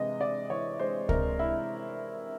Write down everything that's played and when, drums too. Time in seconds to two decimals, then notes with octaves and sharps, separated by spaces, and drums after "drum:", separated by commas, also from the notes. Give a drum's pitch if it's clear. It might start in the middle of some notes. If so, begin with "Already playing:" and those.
Already playing: C3 E3 G#3 D#5
0.20 C3 D5
0.50 E3 C#5
0.79 G#3 C5
1.09 C3 A#4, drum: kick C#2
1.39 C3 E4